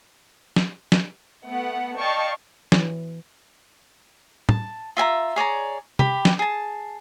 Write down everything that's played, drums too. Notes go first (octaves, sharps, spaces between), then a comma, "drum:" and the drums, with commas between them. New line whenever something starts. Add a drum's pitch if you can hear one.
drum: snare
drum: snare
A3 B3 F#5
D5 D#5 F5 G5 A5 C#6
E3, drum: snare
A5, drum: tom
F4 E5 G#5 A#5
G#4 C#5 D5 A#5
G4 B5, drum: tom
drum: snare
G#4 A5